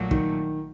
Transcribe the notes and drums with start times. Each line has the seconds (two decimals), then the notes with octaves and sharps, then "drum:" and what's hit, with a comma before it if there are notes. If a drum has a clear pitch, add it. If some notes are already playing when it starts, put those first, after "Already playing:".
Already playing: A#1 A#2 F#3 A3
0.11 D#3, drum: kick